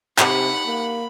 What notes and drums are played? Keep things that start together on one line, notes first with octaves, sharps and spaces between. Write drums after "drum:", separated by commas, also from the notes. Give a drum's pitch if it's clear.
C3 D#4 G4 F#5 B5, drum: clap
A#3